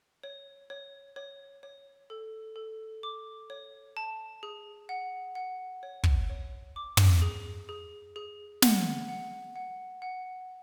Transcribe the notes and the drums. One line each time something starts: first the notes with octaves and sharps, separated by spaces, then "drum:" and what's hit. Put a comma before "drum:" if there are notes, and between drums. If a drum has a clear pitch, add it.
C#5
C#5
C#5
C#5
A4
A4
D6
C#5
A5
G#4
F#5
F#5
C#5
drum: kick
C#5
D6
drum: tom
G#4
G#4
G#4
F#5, drum: snare
F#5
F#5
F#5